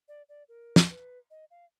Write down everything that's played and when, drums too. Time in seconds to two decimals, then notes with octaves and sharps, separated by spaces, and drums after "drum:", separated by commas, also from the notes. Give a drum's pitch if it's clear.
0.08 D5
0.29 D5
0.49 A#4
0.76 drum: snare
0.90 B4
1.30 D#5
1.51 F5